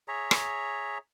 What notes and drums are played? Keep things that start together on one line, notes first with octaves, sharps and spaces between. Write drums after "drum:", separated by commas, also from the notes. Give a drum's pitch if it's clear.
G#4 C#5 E5 A#5
drum: rim click